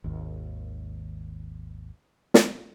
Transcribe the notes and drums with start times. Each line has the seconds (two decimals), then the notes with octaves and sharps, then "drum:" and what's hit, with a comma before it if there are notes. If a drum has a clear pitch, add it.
0.04 G#1 D#2
2.34 drum: snare